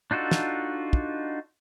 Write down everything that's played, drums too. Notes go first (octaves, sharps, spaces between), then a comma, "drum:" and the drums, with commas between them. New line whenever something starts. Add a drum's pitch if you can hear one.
D4 D#4 F4 F#4 A4
drum: snare
drum: kick